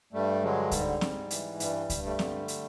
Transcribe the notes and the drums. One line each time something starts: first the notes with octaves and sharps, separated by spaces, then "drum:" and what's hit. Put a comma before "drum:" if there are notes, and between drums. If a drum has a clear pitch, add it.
G2 G3 A3
D3 F#3 G#3
G#2 G3, drum: kick C#2, hi-hat
G#2, drum: snare C4
E3, drum: hi-hat
G2 G3, drum: hi-hat
G2, drum: kick C#2, hi-hat
G3 A3
D3, drum: snare C4
drum: hi-hat